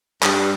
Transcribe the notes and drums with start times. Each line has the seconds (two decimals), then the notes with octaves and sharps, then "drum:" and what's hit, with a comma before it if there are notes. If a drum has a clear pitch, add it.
0.23 G2, drum: clap